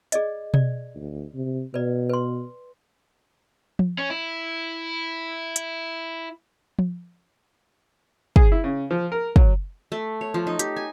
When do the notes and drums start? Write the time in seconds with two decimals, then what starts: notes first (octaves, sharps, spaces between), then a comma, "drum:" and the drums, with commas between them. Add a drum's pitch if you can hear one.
0.12 G#4 D5 D#5, drum: hi-hat
0.54 D5, drum: tom B2
0.95 D2
1.35 C3
1.74 B2 B4 D5
2.09 B4 C6
3.79 drum: tom F3
3.99 C#4
4.10 E4
5.56 drum: hi-hat
6.79 drum: tom F3
8.36 G#4, drum: kick
8.52 E4
8.64 C#3
8.91 F3
9.12 A#4
9.36 F#3, drum: kick
9.92 A3
10.21 C#5
10.34 F3
10.47 D#4
10.59 G4, drum: hi-hat
10.76 G#5